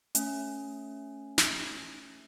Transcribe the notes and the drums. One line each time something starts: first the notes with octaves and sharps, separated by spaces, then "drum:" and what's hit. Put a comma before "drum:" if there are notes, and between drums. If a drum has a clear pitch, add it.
A3 C#4, drum: hi-hat
drum: snare